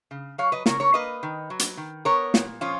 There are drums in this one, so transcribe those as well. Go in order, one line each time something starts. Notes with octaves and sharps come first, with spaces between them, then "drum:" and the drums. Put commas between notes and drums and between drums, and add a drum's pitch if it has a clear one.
C#3
F#3 C#5 F5
B4 D#5
C#3 A#4 C#5, drum: snare
A#4 C#5
A#3 B4 D#5
D#3
F#3
drum: hi-hat
D#3
B3 A#4 C#5
A#2, drum: snare
F3 C#4 F4